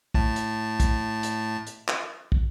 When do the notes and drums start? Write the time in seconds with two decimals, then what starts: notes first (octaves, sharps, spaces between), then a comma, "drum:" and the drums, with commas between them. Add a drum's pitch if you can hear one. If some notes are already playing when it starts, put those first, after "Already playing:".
0.14 A2 A5, drum: kick
0.36 drum: hi-hat
0.80 drum: kick, hi-hat
1.23 drum: hi-hat
1.67 drum: hi-hat
1.88 drum: clap
2.32 drum: kick